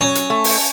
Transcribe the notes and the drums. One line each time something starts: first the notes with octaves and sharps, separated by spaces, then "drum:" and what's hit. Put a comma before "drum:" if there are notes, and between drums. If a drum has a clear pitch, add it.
F#3 C#4
drum: hi-hat
A3
drum: open hi-hat